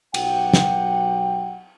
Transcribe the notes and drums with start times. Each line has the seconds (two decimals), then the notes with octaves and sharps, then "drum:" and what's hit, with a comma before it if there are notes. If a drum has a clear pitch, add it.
0.14 B1 F#3 G4 F#5 G5, drum: cymbal
0.53 drum: snare